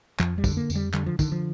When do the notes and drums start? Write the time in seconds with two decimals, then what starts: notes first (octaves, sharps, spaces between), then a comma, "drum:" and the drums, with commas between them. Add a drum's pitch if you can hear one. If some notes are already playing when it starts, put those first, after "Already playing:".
0.20 F2 F3, drum: clap
0.38 G3
0.44 D3, drum: kick, tambourine
0.57 A#3
0.70 F2, drum: tambourine
0.75 G3
0.94 D3 G3, drum: clap
1.06 F3
1.19 D3 D#3, drum: kick, tambourine
1.32 F3